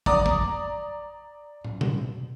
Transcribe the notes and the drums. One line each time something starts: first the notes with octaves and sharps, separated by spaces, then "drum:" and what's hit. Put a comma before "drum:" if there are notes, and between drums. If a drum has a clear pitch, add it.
D5 A#5 D#6, drum: kick
drum: kick
drum: tom
drum: tom B2